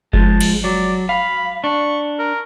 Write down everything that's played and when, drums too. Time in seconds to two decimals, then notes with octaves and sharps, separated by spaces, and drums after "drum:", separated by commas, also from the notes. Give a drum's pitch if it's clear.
0.13 F3 G#3 A5, drum: kick F#1
0.41 drum: cymbal
0.64 F#3 D5
1.09 F5 B5
1.64 D4 C#6
2.19 A#4